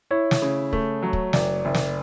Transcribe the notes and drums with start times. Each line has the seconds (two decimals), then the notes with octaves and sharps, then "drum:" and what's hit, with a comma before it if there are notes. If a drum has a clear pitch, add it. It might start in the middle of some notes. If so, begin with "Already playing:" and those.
0.11 E4 C#5
0.31 drum: snare
0.42 C#3
0.73 A3, drum: kick
1.03 F#3
1.13 drum: kick
1.33 F#1 D5, drum: snare
1.65 F#1
1.75 drum: snare